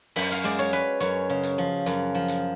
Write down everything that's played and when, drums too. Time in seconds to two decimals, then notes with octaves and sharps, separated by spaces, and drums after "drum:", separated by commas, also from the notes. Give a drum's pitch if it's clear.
0.16 F#2 B5, drum: open hi-hat
0.32 F5
0.44 G#3 D5
0.59 C#5, drum: hi-hat
0.73 G#3 B4
1.00 F#2 C#5, drum: hi-hat
1.30 C#3
1.43 drum: hi-hat
1.58 F3
1.86 F#2, drum: hi-hat
2.15 F3
2.28 drum: hi-hat